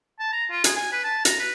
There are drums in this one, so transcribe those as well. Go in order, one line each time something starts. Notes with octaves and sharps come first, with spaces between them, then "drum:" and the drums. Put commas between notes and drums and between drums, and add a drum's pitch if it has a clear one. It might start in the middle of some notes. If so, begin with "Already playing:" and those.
A5
A#5
F4
G#4, drum: hi-hat
G#5
B4
A5
A#5, drum: hi-hat
B4